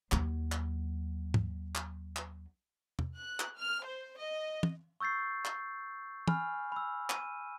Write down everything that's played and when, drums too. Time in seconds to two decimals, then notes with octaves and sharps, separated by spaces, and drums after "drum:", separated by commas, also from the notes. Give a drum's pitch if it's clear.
0.12 D#2 F#3, drum: clap
0.52 drum: clap
1.34 drum: tom G#2
1.75 drum: clap
2.16 drum: clap
2.99 drum: tom
3.16 F#6
3.40 drum: clap
3.56 F6
3.85 C5
4.18 D#5
4.63 drum: tom
5.00 C#6 E6 G6 A6 C7
5.45 drum: clap
6.28 G#5 B5 F6, drum: tom
6.72 B5 E6
7.10 D#7, drum: clap